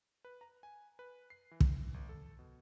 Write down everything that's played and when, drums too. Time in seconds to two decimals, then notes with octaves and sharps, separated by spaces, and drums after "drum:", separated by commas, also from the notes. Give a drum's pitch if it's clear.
0.25 B4
0.41 A#5
0.63 G#5
0.99 B4
1.30 C7
1.51 E3
1.60 drum: kick
1.94 G#1
2.09 A4
2.39 B2